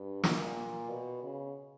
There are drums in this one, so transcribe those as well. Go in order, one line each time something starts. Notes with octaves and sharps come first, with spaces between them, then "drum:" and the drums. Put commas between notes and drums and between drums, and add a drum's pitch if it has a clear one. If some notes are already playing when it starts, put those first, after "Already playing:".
Already playing: G2
A#2, drum: snare
B2
C#3